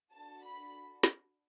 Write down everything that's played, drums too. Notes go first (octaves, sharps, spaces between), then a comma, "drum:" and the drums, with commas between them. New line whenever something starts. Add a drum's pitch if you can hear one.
D4 F#4 A4 A5
B5
drum: snare